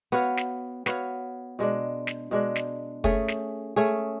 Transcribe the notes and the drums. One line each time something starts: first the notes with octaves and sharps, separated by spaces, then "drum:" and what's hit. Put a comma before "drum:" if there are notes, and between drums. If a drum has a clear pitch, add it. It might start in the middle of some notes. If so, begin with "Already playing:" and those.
B3 F#4 C#5 F5
drum: snare
B3 F#4 C#5 F5, drum: snare
B2 G#3 D4
drum: snare
B2 G#3 D4
drum: snare
A3 C#4 G#4, drum: kick
drum: snare
A3 C#4 G#4